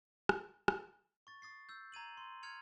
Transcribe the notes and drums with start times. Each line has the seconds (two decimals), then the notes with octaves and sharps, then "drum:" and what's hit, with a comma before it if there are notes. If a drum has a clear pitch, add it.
0.29 drum: rim click
0.68 drum: rim click
1.27 C#6 A6
1.42 D#6 A6 C7
1.69 E6 G6
1.92 A#5 G#6 D#7 F#7
2.17 C6
2.43 F6 G#6 C#7 F7